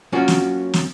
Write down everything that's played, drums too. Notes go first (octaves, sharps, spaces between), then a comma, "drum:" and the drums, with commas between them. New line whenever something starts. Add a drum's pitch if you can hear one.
F#3 A#3 C#4 F4 F#4
drum: snare
drum: snare